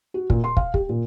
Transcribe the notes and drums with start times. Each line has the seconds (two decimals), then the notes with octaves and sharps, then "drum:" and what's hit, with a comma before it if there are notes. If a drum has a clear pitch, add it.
0.14 F#4
0.30 A#2, drum: kick
0.44 C6
0.57 F5, drum: kick
0.74 G4, drum: kick
0.89 A#2